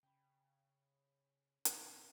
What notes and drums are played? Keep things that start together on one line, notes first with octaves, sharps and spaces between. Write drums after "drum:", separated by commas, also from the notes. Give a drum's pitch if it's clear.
C#3 G5 B5
A1 C3 D#3 G#3 A#4 D5 G#5, drum: hi-hat